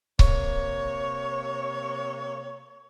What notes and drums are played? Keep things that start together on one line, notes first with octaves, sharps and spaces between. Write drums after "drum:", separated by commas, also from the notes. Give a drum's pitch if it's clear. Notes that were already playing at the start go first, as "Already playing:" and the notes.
C3 A#3 C#5, drum: kick C#1